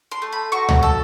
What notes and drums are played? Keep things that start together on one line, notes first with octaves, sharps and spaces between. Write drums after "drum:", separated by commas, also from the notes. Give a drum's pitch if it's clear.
C6
A3
B5
F#4 C#6
drum: tom C#2
A4